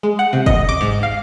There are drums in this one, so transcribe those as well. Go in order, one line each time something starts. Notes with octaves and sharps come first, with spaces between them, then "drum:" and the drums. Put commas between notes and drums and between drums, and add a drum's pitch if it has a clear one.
G#3
F#5
C3
D#5, drum: kick F#1
D6
G#2
F5